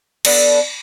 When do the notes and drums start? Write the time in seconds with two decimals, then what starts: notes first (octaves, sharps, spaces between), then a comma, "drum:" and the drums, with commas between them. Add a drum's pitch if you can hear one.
0.25 B3 D4 A4 F#5, drum: cymbal